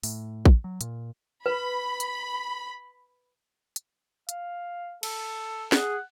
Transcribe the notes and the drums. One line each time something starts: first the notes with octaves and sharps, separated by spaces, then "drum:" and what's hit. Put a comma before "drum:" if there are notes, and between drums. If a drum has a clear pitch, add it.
A2, drum: open hi-hat
drum: kick
F#3
A#2, drum: hi-hat
B4 B5
drum: hi-hat
drum: hi-hat
F5, drum: hi-hat
A4, drum: cymbal
G#4 F#5, drum: snare